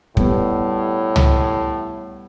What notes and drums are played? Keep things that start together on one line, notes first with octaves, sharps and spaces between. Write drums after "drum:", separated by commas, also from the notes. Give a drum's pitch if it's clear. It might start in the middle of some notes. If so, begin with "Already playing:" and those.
A2 G3 B3, drum: kick
drum: tom